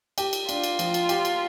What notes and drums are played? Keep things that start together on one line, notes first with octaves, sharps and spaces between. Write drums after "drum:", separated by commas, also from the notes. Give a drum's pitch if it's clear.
G4, drum: cymbal
drum: cymbal
D4 F4, drum: cymbal
drum: cymbal
F3, drum: cymbal
drum: cymbal
G4, drum: cymbal
drum: cymbal